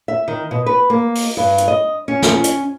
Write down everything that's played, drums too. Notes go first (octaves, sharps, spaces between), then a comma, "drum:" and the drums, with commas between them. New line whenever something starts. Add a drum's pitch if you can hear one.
E5
D#3
B2
B4
A#3
drum: open hi-hat
G2
drum: hi-hat
D#5
C#4
drum: snare
drum: hi-hat